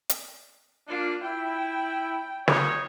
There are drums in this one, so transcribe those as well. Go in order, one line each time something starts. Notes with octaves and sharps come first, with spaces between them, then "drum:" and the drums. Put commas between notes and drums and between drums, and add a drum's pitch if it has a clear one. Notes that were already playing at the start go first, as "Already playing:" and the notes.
drum: hi-hat
A#3 D4 F4
E4 G5
D#4 C#5, drum: snare